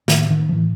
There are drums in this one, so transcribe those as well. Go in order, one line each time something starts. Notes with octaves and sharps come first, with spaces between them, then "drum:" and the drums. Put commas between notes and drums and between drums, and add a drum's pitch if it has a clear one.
A2 D#3, drum: snare
D#3
F3
A2 E3